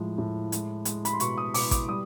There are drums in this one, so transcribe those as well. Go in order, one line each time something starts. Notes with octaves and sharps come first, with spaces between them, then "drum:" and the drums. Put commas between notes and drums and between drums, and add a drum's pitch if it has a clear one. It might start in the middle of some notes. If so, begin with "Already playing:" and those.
Already playing: A2 F3 G#3
A2
G#3, drum: hi-hat
G#3, drum: hi-hat
B5, drum: hi-hat
C6
B2 C#6, drum: hi-hat
D#6
B2 D6, drum: open hi-hat
D6, drum: kick A1, hi-hat
G3 D#6